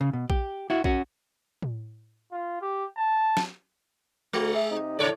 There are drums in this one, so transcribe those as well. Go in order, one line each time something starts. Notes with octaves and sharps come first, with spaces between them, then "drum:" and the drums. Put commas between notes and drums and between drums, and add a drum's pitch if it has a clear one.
C#3
B2
G4, drum: kick A#1
E4 F#4
C#4 F#4, drum: kick A#1
drum: tom A2
F4
G4
A5
drum: snare
D2 G#3
G#4 E5
C3 D#4
A2 C#3 C#5 D5